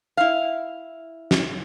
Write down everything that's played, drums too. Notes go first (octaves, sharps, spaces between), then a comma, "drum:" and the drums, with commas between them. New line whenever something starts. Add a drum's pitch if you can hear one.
E4 F5
drum: snare